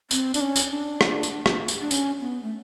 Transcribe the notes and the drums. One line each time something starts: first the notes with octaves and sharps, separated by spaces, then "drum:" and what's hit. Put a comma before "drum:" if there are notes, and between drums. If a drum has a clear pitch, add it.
C4, drum: tambourine
D4, drum: tambourine
C#4
drum: tambourine
D4
drum: rim click
drum: tambourine
drum: rim click
drum: tambourine
D4
C#4, drum: tambourine
B3
A3